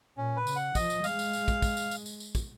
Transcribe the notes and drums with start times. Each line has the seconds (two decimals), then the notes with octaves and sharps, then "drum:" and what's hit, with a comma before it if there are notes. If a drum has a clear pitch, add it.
0.17 A#2 C#4
0.37 B4
0.47 C#3, drum: tambourine
0.56 F#5
0.75 F3 D#5, drum: kick, tambourine
0.90 drum: tambourine
1.04 G#3 F5, drum: tambourine
1.19 drum: tambourine
1.33 drum: tambourine
1.48 drum: kick, tambourine
1.62 drum: kick, tambourine
1.77 drum: tambourine
1.91 drum: tambourine
2.06 drum: tambourine
2.20 drum: tambourine
2.35 drum: kick, tambourine